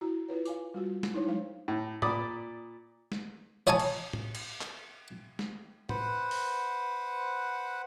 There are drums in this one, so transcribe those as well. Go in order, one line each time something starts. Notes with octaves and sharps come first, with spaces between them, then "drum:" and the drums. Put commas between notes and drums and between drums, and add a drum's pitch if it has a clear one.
E4 F#4 A#5
E4 F4 B4 C#5
F5 G#5 D6, drum: tambourine
G3 F4 F#4
drum: snare
D#4 E4 C5 C#5
F#3 G#3 D4 C5 F5
A2
A#2 D5 B5 D6 D#6, drum: tom
drum: snare
C#5 D#5 G#5 A5 C#6 D#6
drum: cymbal
drum: tom
drum: cymbal
drum: clap
drum: snare
B4 C5 F#5, drum: tom
drum: open hi-hat